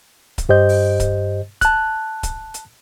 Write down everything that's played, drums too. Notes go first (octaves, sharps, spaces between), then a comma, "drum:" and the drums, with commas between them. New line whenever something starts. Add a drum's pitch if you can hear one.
drum: kick C#1, hi-hat
G2 G4 C5 D#5 G6
drum: open hi-hat
drum: kick C#1, hi-hat
A5 F#6, drum: kick C#1, hi-hat
drum: kick C#1, hi-hat
drum: hi-hat